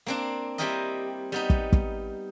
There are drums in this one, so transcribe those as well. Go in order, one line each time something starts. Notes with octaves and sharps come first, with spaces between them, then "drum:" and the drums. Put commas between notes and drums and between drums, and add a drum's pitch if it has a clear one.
A#3 C4 D4
G3 C4 E4 G4 A#4 D#5
G3 B3 D#4
drum: kick
drum: kick